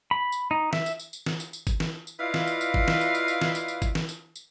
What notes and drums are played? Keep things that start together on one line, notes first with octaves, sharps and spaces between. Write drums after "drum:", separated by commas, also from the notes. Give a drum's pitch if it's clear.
B5
drum: tambourine
D#4
E5, drum: snare
drum: tambourine
drum: tambourine
drum: tambourine
drum: snare
drum: tambourine
drum: tambourine
drum: kick G1, tambourine
drum: snare
drum: tambourine
E4 F4 B4 D5 D#5 F5
drum: snare
drum: tambourine
drum: tambourine
drum: kick G1
drum: snare
drum: tambourine
drum: tambourine
drum: tambourine
drum: snare
drum: tambourine
drum: tambourine
drum: kick G1, tambourine
drum: snare
drum: tambourine
drum: tambourine